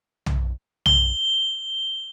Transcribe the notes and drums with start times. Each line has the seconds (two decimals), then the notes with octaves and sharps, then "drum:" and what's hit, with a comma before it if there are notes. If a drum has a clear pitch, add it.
0.26 drum: tom B1
0.86 G7, drum: tom B1